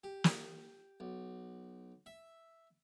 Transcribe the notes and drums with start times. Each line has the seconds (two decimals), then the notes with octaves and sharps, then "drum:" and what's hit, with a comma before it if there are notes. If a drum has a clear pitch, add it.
0.04 G4
0.24 drum: snare
1.00 B1
2.06 E5